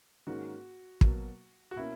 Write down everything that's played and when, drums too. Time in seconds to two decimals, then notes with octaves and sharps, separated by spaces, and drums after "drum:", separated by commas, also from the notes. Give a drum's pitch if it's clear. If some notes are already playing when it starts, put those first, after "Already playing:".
0.27 G#2 D#3 A#3 C#4 F#4
1.01 B2 F#3 A#3, drum: kick
1.71 F#4
1.76 B2 A#3 C#4 E4